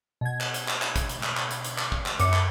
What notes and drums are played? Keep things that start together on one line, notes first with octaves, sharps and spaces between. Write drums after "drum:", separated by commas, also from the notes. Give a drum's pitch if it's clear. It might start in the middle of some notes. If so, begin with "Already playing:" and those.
B2 G#6
drum: clap
drum: hi-hat
drum: clap
drum: clap
drum: kick, hi-hat
drum: hi-hat
drum: clap
drum: clap
drum: hi-hat
drum: hi-hat
drum: clap
drum: kick
drum: clap
F#2 D6 C#7, drum: hi-hat
drum: clap